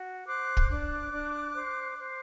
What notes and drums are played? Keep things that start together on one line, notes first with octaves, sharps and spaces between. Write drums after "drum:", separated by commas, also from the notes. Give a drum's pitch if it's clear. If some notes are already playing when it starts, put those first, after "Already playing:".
Already playing: F#4
C5 D6 F#6
drum: kick
D4 D6 F#6
D4
C5
C5